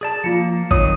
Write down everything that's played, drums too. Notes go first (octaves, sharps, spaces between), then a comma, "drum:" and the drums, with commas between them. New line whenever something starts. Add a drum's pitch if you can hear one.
G#4 D5 A5
F3 A#3 F4 C#7
D#3 F#3 C4 C#5 D#6, drum: kick